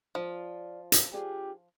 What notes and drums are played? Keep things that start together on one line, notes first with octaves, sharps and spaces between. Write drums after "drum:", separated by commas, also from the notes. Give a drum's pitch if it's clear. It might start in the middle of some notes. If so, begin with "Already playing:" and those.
F3 F4 D5
drum: hi-hat
D4 F4 G4 G#4